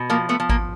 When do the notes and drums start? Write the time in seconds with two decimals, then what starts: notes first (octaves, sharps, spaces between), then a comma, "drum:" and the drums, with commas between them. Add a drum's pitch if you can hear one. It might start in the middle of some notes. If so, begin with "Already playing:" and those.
Already playing: B2
0.10 F3 A#3
0.29 A3 B3
0.40 F3
0.49 A#3, drum: kick G#1